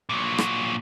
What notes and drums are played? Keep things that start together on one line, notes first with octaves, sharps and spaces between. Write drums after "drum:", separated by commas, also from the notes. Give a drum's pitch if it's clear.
A#2 F#3
drum: rim click